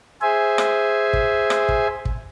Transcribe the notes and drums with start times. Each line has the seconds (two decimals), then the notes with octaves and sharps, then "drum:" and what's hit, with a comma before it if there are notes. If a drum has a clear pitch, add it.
0.21 G#4 C5 E5 G#5
0.58 drum: rim click
1.13 drum: kick
1.50 drum: rim click
1.69 drum: kick
2.05 drum: kick